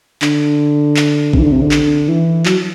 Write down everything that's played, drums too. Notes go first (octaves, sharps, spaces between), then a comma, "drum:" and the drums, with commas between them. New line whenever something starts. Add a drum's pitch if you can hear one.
D3, drum: clap
drum: clap
C3, drum: kick A#1
E3
D3
C3
D3
drum: clap
E3
F#3, drum: clap